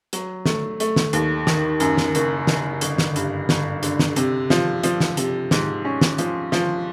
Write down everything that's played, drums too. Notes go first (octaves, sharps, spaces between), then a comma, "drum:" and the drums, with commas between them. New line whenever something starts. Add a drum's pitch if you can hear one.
F#3, drum: hi-hat
A3, drum: snare
A3, drum: hi-hat
drum: snare
D#2, drum: hi-hat
D#3, drum: snare
F#2, drum: hi-hat
drum: snare
F#1, drum: hi-hat
F#1, drum: snare
G1, drum: hi-hat
drum: snare
G2, drum: hi-hat
G1, drum: snare
D3, drum: hi-hat
drum: snare
C3, drum: hi-hat
F3, drum: snare
F3, drum: hi-hat
drum: snare
C3, drum: hi-hat
G#2, drum: snare
C#4
drum: snare
F3, drum: hi-hat
F3, drum: snare